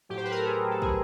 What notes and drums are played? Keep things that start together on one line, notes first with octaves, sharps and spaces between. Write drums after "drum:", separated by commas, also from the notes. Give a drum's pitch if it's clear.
A2 F#3 G4
C5
B4
A#4
A4
G#4
A4
G#4, drum: kick